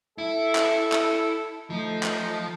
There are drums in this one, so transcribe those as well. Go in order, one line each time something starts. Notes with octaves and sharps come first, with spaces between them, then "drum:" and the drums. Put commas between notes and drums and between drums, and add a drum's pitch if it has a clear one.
E4 A4 E5
drum: clap
drum: clap
F3 A3 D#4
drum: clap